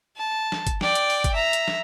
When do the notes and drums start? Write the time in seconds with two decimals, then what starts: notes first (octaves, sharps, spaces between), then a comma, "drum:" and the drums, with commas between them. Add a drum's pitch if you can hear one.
0.17 A5
0.52 drum: snare
0.67 drum: kick G1, hi-hat
0.81 D5 G5, drum: snare
0.95 drum: hi-hat
1.10 drum: open hi-hat
1.24 drum: kick G1, hi-hat
1.34 E5 A#5
1.53 drum: hi-hat
1.68 drum: snare